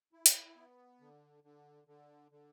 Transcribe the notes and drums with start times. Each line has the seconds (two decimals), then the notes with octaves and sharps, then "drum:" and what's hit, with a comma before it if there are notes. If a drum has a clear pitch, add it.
0.12 E4
0.26 drum: hi-hat
0.56 B3
1.00 D3
1.44 D3
1.87 D3
2.31 D3